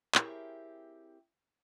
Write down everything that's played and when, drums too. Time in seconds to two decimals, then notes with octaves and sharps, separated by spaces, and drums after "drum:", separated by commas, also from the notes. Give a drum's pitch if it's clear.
0.15 C4 E4 G4 G#4 A#4 C#5, drum: clap